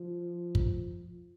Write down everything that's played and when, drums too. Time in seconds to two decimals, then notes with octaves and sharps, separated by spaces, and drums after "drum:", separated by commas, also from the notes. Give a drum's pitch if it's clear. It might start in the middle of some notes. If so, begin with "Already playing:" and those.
Already playing: F3
0.55 drum: kick